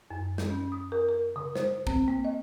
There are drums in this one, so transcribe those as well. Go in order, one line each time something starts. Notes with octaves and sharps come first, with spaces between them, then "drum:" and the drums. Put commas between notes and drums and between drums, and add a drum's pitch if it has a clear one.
F#2
G6, drum: snare
C#4
D#6
A#4
A#4
C#3
C5, drum: snare
C4, drum: kick
A#3
D#5